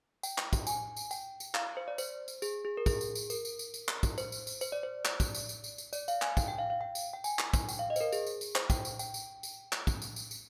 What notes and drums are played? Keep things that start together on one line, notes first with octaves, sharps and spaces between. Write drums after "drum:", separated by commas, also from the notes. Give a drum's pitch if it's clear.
G5, drum: tambourine
drum: clap
drum: kick, tambourine
G#5, drum: tambourine
drum: tambourine
G5, drum: tambourine
drum: tambourine
F5, drum: clap
C5
D5
C5, drum: tambourine
drum: tambourine
G#4, drum: tambourine
G#4
A#4
G#4, drum: kick, tambourine
drum: tambourine
drum: tambourine
A#4, drum: tambourine
drum: tambourine
drum: tambourine
drum: tambourine
drum: clap
drum: kick, tambourine
C5, drum: tambourine
drum: tambourine
drum: tambourine
C5, drum: tambourine
D5
C5
D5, drum: clap
drum: kick, tambourine
drum: tambourine
drum: tambourine
drum: tambourine
drum: tambourine
D5, drum: tambourine
F5, drum: tambourine
G#5, drum: clap
G5, drum: kick, tambourine
G5
F5
F5
G5
drum: tambourine
G5
G#5, drum: tambourine
drum: clap
drum: kick, tambourine
G5, drum: tambourine
F5
D#5
C5, drum: tambourine
A#4
G#4, drum: tambourine
drum: tambourine
drum: tambourine
C5, drum: clap
G5, drum: kick, tambourine
drum: tambourine
G5, drum: tambourine
drum: tambourine
drum: tambourine
drum: clap
drum: kick, tambourine
drum: tambourine
drum: tambourine
drum: tambourine